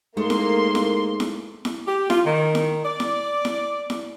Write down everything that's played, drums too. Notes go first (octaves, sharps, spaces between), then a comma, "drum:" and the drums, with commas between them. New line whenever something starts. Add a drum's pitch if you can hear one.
G#2 A3 A#3 C6
drum: snare E4
drum: snare E4
drum: snare E4
drum: snare E4
G4
F4, drum: snare E4
D#3
drum: snare E4
D5
drum: snare E4
drum: snare E4
drum: snare E4